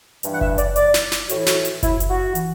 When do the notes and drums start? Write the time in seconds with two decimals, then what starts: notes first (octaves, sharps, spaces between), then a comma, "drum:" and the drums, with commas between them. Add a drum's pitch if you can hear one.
0.23 G2 E3, drum: hi-hat
0.33 F#5
0.41 E5, drum: kick F#1
0.58 D5, drum: hi-hat
0.76 D5, drum: hi-hat
0.94 drum: snare
1.12 drum: snare
1.29 A2 E3 F#4, drum: hi-hat
1.39 E4
1.46 F#4, drum: snare
1.65 drum: hi-hat
1.83 E4, drum: kick F#1, hi-hat
2.00 drum: hi-hat
2.10 F#4
2.35 E3, drum: hi-hat